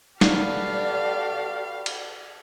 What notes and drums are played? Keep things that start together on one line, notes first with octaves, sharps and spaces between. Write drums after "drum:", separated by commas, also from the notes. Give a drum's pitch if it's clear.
F#4 G4 A4 B4 D5 F5, drum: snare
drum: cymbal